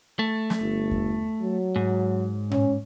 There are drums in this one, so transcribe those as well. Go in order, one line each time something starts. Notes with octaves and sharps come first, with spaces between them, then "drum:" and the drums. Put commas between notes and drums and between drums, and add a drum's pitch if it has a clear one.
A3
drum: snare
G1
drum: kick E2
F#3
G#2
C#4, drum: tom A2